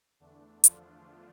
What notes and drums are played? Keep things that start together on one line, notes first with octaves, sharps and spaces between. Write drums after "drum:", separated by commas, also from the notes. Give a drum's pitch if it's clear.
E2 D3 A3 D4
F3 F4, drum: hi-hat